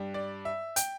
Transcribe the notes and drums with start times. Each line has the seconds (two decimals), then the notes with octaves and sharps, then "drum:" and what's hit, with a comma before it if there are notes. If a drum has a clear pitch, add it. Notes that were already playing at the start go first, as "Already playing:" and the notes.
Already playing: G2 G3
0.14 D5
0.45 E5
0.76 G5, drum: hi-hat